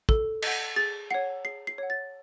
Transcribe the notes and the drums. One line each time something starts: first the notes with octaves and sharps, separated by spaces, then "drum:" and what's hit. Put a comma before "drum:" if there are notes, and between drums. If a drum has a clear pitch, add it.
A4, drum: kick
D#5 F#5, drum: cymbal
G#4 A6
C#5 F#5 C7
G#4 C7
C7
C#5 F#5
A6